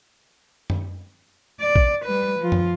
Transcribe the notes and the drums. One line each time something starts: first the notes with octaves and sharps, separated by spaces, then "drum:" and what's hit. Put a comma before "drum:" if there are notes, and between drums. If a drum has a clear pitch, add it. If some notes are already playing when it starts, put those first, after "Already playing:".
drum: tom F#2
D5
drum: kick A#1
G3 B4
F3 F4
drum: tom F#2